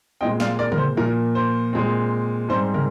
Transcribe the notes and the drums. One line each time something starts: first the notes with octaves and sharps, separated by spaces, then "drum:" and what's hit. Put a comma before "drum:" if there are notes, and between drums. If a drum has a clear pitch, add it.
A#2 G#3 C4 D#5 G5
D5 F5, drum: snare
A#4 D5
A#4, drum: tom C#3
C5
A#2 F3 A#3 A#4
C5
A#2 G#3 C4
G#2 G3 C4 C5
A#4, drum: tom